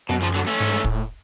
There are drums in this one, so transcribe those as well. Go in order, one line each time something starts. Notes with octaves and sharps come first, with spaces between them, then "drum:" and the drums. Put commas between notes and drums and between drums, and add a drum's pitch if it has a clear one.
F#2 B2
C#3 F3
D3 F#3
A3 C#4
G#2, drum: hi-hat
A2, drum: kick